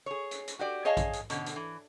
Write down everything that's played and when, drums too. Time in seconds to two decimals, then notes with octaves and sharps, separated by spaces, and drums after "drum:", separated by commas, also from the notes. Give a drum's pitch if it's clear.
0.06 G#4 C#5
0.31 drum: hi-hat
0.48 drum: hi-hat
0.59 F#4 G4 D5
0.85 G#4 C#5 D#5 F5 G#5 A5
0.97 drum: kick A#1, hi-hat
1.13 drum: hi-hat
1.30 B2 D3 C#4, drum: hi-hat
1.46 drum: hi-hat
1.56 E3